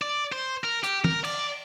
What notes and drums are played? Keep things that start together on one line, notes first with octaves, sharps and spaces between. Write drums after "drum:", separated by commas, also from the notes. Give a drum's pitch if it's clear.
D5
C5
A#4
G4, drum: hi-hat
A#4, drum: tom E3
D5, drum: cymbal